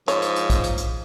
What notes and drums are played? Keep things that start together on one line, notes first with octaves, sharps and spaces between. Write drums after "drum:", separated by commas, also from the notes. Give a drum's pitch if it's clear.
G#2 F3 C#5, drum: hi-hat
drum: hi-hat
drum: hi-hat
drum: kick, hi-hat
drum: hi-hat
drum: hi-hat